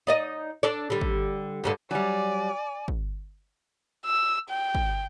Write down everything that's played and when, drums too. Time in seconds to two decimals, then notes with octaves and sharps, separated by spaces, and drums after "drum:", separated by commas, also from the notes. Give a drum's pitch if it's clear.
0.07 D#4 D5 D#5
0.63 D4 A4 D5
0.90 D3 G3
1.01 drum: kick
1.64 D2 G2 D3
1.91 F#3 G3 D5 G#5
2.88 drum: kick
4.06 E6
4.50 G5
4.75 drum: kick